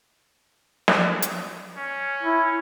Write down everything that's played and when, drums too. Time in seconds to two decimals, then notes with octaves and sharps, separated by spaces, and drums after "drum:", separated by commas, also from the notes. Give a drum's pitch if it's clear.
0.88 drum: snare
1.22 drum: hi-hat
1.78 C#4
2.23 E4